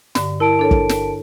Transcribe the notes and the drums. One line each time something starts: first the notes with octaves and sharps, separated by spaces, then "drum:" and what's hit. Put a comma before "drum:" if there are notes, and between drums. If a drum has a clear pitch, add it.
G2 D3, drum: snare
E4 A#4 A5 D7
D4 A4 C#5
drum: kick
drum: snare